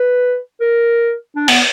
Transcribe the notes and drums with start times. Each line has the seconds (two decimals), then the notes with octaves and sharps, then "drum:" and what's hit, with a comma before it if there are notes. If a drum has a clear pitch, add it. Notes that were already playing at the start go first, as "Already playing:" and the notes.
Already playing: B4
0.61 A#4
1.36 D4
1.48 B3, drum: open hi-hat